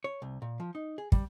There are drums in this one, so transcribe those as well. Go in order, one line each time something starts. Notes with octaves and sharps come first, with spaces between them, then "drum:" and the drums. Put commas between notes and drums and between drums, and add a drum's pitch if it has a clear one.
C#5
C2
A#2
F3
D#4
G#4
G3, drum: kick